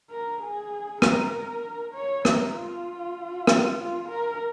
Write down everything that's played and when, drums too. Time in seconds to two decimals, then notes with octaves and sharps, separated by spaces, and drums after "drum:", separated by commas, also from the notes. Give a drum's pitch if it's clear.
0.10 A#4
0.41 G#4
1.02 A#4, drum: rim click
1.94 C#5
2.25 A#4, drum: rim click
2.55 F4
3.47 drum: rim click
3.78 F4
4.09 A#4